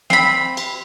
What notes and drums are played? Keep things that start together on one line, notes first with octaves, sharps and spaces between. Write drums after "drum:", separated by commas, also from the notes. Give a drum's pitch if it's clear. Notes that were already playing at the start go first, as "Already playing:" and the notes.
C4 B5, drum: snare
drum: cymbal